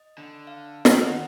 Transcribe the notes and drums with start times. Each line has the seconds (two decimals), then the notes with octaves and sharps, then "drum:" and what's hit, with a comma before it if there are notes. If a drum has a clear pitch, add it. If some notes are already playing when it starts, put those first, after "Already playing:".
Already playing: D#5
0.18 D3
0.47 F5
0.85 drum: snare
0.96 D3
1.06 D#3 F#5